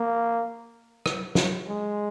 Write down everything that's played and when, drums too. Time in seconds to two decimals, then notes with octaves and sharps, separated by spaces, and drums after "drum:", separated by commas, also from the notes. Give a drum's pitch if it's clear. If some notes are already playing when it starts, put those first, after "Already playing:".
Already playing: A#3
1.06 drum: rim click
1.35 drum: snare
1.68 G#3